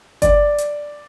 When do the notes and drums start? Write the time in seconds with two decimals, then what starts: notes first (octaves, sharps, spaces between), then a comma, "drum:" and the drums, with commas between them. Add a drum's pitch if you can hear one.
0.22 D5, drum: kick G1, hi-hat
0.58 drum: hi-hat